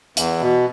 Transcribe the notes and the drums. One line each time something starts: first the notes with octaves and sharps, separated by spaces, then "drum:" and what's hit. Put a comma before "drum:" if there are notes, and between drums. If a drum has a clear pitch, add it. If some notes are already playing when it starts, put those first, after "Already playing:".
E2, drum: hi-hat
B2